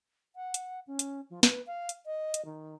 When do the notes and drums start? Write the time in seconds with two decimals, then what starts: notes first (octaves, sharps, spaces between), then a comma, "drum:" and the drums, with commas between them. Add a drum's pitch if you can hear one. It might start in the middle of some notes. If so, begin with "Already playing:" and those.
0.36 F#5
0.54 drum: hi-hat
0.87 C#4
0.99 drum: hi-hat
1.30 F3
1.43 B4, drum: snare
1.67 F5
1.89 drum: hi-hat
2.06 D#5
2.34 drum: hi-hat
2.45 D#3